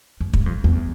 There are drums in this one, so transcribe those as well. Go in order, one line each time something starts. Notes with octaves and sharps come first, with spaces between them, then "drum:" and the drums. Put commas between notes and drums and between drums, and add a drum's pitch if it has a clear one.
F2
G2, drum: kick
F2
E2